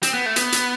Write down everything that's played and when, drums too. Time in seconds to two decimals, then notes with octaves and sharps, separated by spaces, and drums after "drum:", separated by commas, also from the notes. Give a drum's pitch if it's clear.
0.03 C4, drum: hi-hat
0.14 B3
0.26 A3
0.36 B3, drum: hi-hat
0.52 drum: hi-hat